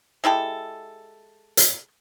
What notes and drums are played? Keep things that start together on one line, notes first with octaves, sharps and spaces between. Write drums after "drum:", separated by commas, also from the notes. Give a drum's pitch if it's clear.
G#3 E4 G4 A4
drum: hi-hat